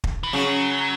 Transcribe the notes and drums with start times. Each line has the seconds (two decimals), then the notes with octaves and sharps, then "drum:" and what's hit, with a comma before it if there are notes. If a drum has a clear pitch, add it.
0.04 drum: kick
0.23 E3
0.33 C#3 F#3